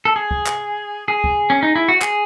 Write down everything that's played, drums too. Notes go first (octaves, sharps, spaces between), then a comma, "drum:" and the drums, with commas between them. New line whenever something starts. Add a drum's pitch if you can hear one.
A4
G#4
drum: kick
drum: clap
G#4
drum: kick
C#4
D#4
E4
F#4
G#4, drum: clap